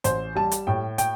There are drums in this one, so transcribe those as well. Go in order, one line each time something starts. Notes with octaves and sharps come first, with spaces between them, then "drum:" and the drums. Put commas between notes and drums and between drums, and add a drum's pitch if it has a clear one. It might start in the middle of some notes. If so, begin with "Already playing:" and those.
A1 C5, drum: hi-hat
G3 A5
drum: hi-hat
A2 G5
G5, drum: hi-hat